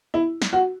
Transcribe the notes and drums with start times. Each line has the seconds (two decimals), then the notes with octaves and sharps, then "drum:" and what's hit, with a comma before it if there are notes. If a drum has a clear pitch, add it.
0.14 E4
0.42 drum: snare
0.53 F#4